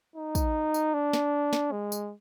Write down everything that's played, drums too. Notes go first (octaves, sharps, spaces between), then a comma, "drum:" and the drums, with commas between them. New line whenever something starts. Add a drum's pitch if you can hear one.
D#4
drum: kick, tambourine
drum: tambourine
D4
drum: snare
drum: snare
G#3
drum: tambourine